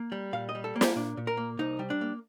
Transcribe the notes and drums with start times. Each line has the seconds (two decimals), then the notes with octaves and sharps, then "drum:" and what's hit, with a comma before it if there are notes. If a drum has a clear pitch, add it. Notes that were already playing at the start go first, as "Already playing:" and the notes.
Already playing: A#3
0.12 G3
0.33 A#2 F5
0.49 D#5
0.55 G3
0.64 A4
0.76 A#3
0.81 G4, drum: snare
0.96 A#2 D4
1.17 A#2
1.27 A#4
1.37 A#3
1.59 C2 D#4
1.79 G3
1.90 D4
2.01 A#3